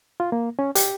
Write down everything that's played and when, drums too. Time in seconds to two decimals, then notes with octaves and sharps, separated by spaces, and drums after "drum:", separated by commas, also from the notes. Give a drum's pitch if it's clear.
0.20 F4
0.32 A#3
0.59 C#4
0.75 G4, drum: hi-hat